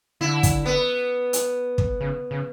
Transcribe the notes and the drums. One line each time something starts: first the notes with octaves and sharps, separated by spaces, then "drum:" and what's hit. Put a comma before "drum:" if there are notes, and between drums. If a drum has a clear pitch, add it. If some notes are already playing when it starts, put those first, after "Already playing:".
D3 E4
drum: kick, hi-hat
B3
drum: hi-hat
drum: kick
C#3
C#3